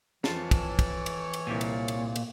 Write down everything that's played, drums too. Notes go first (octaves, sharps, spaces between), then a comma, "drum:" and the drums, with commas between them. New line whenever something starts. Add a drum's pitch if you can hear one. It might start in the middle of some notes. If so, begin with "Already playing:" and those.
F2 E3 F4 C#5 A5, drum: snare
drum: kick, cymbal
drum: kick, cymbal
drum: cymbal
drum: cymbal
C2 A#2 G4 G#5
drum: cymbal
drum: cymbal
drum: cymbal